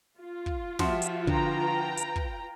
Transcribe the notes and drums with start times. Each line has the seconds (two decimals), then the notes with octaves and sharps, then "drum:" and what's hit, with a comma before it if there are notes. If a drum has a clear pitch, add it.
0.21 F4
0.46 drum: kick
0.79 F3 F#4 G4 E5 C6, drum: snare
1.02 drum: hi-hat
1.27 D3 B4 G5 A#5, drum: kick
1.97 drum: hi-hat
2.16 drum: kick